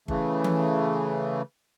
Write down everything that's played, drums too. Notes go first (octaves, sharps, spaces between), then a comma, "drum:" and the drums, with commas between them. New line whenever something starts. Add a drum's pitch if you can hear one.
C#3 E3 A3, drum: kick G1
drum: tom E3